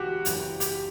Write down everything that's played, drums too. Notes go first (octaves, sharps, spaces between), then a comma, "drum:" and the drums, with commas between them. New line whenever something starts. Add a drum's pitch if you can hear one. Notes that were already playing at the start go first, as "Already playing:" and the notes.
Already playing: E1 D2 F#4 G4
F#1 F#2 E3, drum: hi-hat
G4, drum: hi-hat